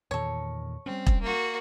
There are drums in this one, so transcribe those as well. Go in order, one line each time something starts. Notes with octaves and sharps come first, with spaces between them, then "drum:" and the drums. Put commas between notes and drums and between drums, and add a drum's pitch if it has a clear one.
E2 A#2 D#3 A4 C#5
G3 A3 C4 C#4
drum: kick E1
A#3 F#4